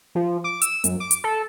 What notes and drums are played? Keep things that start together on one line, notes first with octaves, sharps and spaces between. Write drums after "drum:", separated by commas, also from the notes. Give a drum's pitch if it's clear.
F3
D6
E6, drum: hi-hat
F#2, drum: hi-hat
D6
drum: hi-hat
A4